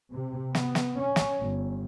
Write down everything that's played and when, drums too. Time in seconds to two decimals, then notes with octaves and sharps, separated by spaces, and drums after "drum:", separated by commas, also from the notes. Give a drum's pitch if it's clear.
0.10 C3
0.55 B3, drum: snare
0.75 drum: snare
1.01 C#4
1.16 drum: snare
1.41 G1